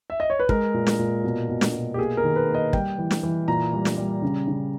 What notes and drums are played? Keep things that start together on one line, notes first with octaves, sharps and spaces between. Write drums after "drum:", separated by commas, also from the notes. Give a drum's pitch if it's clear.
E5
D#5
C#5
B4
G#3 A#4, drum: kick
A#2
drum: snare
A#2
B2
B2
drum: snare
B2
G4
A#3 G#4
A#4
D#3
B4
A#3
D#5
G3 G5, drum: kick
E3
drum: snare
E3
A#2 A#5
G3
drum: snare
G3
C#3
C#3